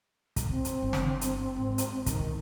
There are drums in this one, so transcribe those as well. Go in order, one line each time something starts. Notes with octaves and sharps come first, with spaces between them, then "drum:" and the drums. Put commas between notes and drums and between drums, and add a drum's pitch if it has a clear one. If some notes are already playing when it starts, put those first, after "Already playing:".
drum: kick, hi-hat
C4
drum: hi-hat
G1 G3
drum: snare
drum: hi-hat
G#1
drum: hi-hat
D#3, drum: kick, hi-hat